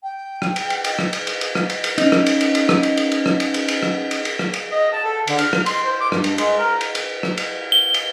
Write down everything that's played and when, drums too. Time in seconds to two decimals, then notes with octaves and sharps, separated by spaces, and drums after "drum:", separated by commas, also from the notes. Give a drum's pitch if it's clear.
0.03 G5
0.42 drum: rim click
0.56 drum: cymbal
0.70 drum: cymbal
0.84 drum: cymbal
0.99 drum: rim click
1.13 drum: cymbal
1.27 drum: cymbal
1.41 drum: cymbal
1.55 drum: rim click
1.70 drum: cymbal
1.84 drum: cymbal
1.98 C#4 D#4, drum: cymbal
2.12 drum: rim click
2.26 drum: cymbal
2.41 drum: cymbal
2.55 drum: cymbal
2.69 drum: rim click
2.83 drum: cymbal
2.97 drum: cymbal
3.12 drum: cymbal
3.26 drum: rim click
3.40 drum: cymbal
3.54 drum: cymbal
3.68 drum: cymbal
3.83 drum: rim click
4.11 drum: cymbal
4.25 drum: cymbal
4.39 drum: rim click
4.54 drum: cymbal
4.71 D#5
4.93 A5
5.04 A4
5.27 D3, drum: cymbal
5.39 F6, drum: cymbal
5.53 drum: rim click
5.66 C6, drum: cymbal
5.85 C5
6.01 D6
6.12 G2, drum: rim click
6.24 drum: cymbal
6.38 G#3, drum: cymbal
6.58 A#4
6.81 drum: cymbal
6.95 drum: cymbal
7.23 drum: rim click
7.37 drum: cymbal
7.72 G7
7.94 drum: cymbal